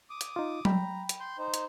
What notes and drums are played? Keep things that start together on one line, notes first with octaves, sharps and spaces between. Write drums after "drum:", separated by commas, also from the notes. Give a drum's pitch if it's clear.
D6 D#6
drum: hi-hat
D#4 F4
G5 A#5 B5, drum: tom F#3
drum: hi-hat
C6 G6
D#4 C5
drum: hi-hat